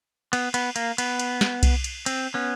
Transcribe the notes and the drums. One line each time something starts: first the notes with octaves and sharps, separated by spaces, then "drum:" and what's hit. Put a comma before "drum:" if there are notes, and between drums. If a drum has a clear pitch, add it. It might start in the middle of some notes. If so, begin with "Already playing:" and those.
B3, drum: cymbal
B3, drum: cymbal
A#3, drum: cymbal
B3, drum: cymbal
drum: cymbal
drum: snare
drum: kick C2, cymbal
drum: cymbal
C4, drum: cymbal
B3 C#4